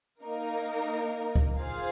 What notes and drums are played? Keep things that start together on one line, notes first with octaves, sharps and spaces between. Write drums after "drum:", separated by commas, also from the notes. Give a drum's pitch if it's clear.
A#3 D#4 A#4
drum: kick C#2
F4 G#4 C5 F5